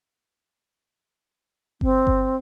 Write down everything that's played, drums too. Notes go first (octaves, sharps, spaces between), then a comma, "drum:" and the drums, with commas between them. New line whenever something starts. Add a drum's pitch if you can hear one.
C4, drum: kick G1
drum: kick G1